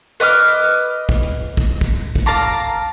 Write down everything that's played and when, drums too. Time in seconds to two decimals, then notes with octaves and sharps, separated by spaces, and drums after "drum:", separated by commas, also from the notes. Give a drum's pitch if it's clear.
0.20 B4 D#5 D6 F6
1.09 drum: kick
1.23 drum: hi-hat
1.57 drum: kick
1.81 drum: kick
2.15 drum: kick
2.26 F5 A5 A#5 D6